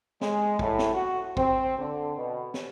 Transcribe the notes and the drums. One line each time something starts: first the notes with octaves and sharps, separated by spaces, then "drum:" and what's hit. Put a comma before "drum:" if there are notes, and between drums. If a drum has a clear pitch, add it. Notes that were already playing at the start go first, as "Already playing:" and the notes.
G#3, drum: snare
A2, drum: kick
drum: snare
F#4
C4, drum: kick
D3
B2
drum: snare